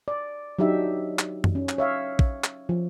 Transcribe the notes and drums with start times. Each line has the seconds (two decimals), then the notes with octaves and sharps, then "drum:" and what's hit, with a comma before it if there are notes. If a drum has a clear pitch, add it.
0.08 D5
0.59 F#3 D4 D#4 G4 E5
1.19 drum: clap
1.44 drum: tom F#2
1.55 C#4
1.69 drum: clap
1.78 C#5 E5 F5
2.19 drum: kick
2.44 drum: clap
2.69 F3